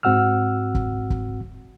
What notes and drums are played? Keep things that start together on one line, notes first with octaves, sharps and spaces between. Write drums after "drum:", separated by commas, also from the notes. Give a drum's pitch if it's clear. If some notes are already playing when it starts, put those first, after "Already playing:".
G#2 C4 F#4 F#5 E6 F6
drum: kick
drum: kick